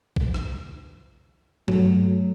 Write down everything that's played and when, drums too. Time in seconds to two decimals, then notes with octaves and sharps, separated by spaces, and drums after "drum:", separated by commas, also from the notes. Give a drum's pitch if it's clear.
0.16 drum: kick A#1
0.34 drum: rim click
1.68 F#3 A3, drum: tom G2